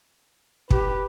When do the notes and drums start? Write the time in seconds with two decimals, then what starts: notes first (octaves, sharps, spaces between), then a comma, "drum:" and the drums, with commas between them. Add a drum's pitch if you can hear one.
0.70 G4 B4, drum: kick